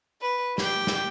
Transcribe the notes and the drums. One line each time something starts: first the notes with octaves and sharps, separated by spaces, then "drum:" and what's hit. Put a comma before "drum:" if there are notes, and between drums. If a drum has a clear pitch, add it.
B4
G4 G5, drum: snare
drum: snare